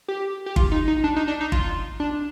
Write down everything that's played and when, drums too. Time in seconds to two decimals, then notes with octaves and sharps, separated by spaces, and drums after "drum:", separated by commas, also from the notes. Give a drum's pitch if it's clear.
0.08 G4
0.46 G4
0.56 F4, drum: kick G1
0.72 D#4
0.88 D#4
1.04 D4
1.16 D#4
1.28 D4
1.41 D#4
1.52 F4, drum: kick G1
2.00 D4